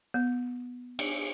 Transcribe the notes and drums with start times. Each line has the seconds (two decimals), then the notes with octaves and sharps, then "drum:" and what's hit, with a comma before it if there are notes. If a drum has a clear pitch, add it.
0.14 B3
0.99 drum: cymbal